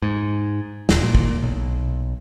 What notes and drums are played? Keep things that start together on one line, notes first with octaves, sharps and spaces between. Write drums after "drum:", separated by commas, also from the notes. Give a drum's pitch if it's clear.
G#2
D#1, drum: snare
A#2
drum: kick
B1